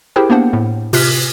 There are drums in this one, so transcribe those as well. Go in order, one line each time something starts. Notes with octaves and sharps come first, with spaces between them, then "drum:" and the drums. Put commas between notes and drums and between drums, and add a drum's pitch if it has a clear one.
E4 G4 G#4 A#4 C5 G5
A#3 B3 D4 C5 F#5
A2
C3 F4 F6 F#6 B6, drum: open hi-hat